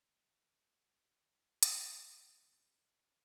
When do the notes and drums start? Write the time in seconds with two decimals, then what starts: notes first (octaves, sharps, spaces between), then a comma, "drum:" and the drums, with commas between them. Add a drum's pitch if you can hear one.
0.14 G7
1.63 A2 D3 D#3 G3 D#4, drum: hi-hat
2.29 F#3 C#4 D#4 E4 F#4